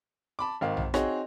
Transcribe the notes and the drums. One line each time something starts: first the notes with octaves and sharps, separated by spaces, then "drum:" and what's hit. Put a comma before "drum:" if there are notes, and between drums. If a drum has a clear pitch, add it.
A5 B5 D6
G#1 D#3 F5
drum: tom A#1
C4 D#4 F#4 G#4 C#5, drum: rim click